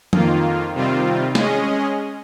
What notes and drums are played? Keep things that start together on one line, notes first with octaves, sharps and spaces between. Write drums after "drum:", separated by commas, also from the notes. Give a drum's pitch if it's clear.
F2 D#3 A#3 F4, drum: tom F3
C3 D#3 G3 C4 F4
G#3 C#4 G#4 D#5, drum: snare